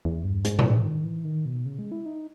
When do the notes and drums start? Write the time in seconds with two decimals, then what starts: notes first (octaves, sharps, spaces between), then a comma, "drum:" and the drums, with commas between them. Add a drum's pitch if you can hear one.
0.05 E2
0.24 G2
0.45 G#2, drum: hi-hat
0.59 drum: tom A2
0.85 D#3
1.04 E3
1.25 D#3
1.46 B2
1.66 C#3
1.79 G#3
1.92 E4
2.06 D#4